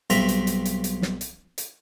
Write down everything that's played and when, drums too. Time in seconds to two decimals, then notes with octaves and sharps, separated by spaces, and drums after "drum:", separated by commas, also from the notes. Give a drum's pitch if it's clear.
0.10 B1 G2 C4 E5 A#5, drum: hi-hat
0.29 drum: hi-hat
0.47 drum: hi-hat
0.65 drum: hi-hat
0.84 drum: hi-hat
1.02 drum: snare
1.21 drum: hi-hat
1.58 drum: hi-hat